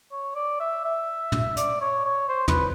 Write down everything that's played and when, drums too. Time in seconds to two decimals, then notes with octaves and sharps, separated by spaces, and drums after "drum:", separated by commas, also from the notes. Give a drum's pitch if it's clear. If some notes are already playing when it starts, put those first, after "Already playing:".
0.12 C#5
0.35 D5
0.60 E5
0.85 E5
1.32 drum: tom
1.57 D5, drum: hi-hat
1.81 C#5
2.05 C#5
2.28 C5
2.48 B4, drum: tom